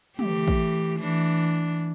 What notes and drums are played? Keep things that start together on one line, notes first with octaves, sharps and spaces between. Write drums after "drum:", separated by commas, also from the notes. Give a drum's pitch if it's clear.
E3 A3 G4, drum: tom
drum: kick
E3 D4